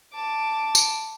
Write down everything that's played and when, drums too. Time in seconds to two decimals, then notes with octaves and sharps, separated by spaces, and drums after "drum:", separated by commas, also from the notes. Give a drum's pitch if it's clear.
0.13 A5 D6
0.75 drum: tambourine